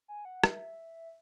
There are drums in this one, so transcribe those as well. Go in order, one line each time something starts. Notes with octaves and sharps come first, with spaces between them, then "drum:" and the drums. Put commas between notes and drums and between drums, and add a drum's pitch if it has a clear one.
G#5
F#5
E5, drum: rim click